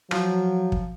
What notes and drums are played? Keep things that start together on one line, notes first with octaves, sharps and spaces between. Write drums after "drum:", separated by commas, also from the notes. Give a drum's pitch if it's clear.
F3 F#3, drum: rim click
drum: kick